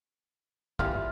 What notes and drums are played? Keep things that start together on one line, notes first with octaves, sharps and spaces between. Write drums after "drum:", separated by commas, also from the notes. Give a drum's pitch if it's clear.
E3 G3 F4 F6, drum: kick